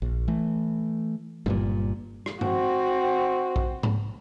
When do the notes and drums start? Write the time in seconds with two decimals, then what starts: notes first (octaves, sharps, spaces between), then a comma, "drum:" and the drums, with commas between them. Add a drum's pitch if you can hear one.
0.02 A#1
0.28 E3 A3
1.46 G1 G2 A#2, drum: tom F#3
2.26 drum: rim click
2.41 C4 F#4, drum: tom G2
3.56 drum: kick B1
3.83 drum: tom G#2